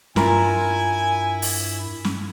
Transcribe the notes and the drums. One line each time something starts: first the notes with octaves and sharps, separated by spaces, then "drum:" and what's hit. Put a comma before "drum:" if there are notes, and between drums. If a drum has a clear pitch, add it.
G2 E4 F4 A#4 G#5 A#5, drum: snare
drum: open hi-hat
drum: snare